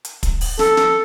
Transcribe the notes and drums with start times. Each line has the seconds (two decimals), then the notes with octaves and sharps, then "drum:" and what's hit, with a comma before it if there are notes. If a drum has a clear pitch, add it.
0.05 drum: hi-hat
0.23 drum: kick, hi-hat
0.41 drum: open hi-hat
0.59 A4, drum: snare
0.77 drum: snare